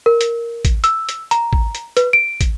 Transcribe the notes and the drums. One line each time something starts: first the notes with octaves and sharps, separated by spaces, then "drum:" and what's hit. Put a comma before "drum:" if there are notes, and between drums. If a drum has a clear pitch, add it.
A#4
drum: hi-hat
drum: kick, hi-hat
E6, drum: hi-hat
drum: hi-hat
A#5, drum: hi-hat
drum: kick
drum: hi-hat
B4, drum: hi-hat
D7
drum: kick, hi-hat